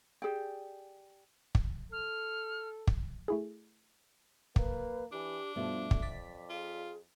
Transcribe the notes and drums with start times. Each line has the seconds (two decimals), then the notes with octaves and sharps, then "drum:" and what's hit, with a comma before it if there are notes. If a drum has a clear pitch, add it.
0.22 G4 G#4 D5 G5
1.55 drum: kick
1.92 A4 F6
2.87 drum: kick
3.28 A3 E4 G#4
4.56 A#3 B4, drum: kick
5.12 E3 D4 G4
5.56 G2 B2 F3 A3 E5
5.91 drum: kick
6.02 F2 D5 B6
6.50 F4 G#4